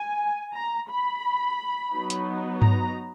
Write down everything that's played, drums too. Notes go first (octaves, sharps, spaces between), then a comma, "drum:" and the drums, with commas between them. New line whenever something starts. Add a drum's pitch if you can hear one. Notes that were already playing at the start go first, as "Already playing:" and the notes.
Already playing: G#5
A#5
B5
F#3 B3 D#4
drum: hi-hat
A#5, drum: tom G2